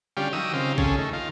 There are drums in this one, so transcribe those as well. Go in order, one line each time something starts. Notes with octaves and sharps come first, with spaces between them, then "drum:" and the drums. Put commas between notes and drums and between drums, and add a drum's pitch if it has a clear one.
D3 G3 C#4 F4 G4
D#3 F#3 G4 D#6 E6
C#3 C4 D#4 F4 G4
C#3 C#4 G#4 A4, drum: kick
D#3 A3
D#3 F4